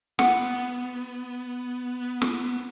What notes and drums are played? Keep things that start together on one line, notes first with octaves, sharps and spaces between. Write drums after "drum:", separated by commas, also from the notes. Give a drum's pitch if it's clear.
B3 F#5, drum: snare
drum: snare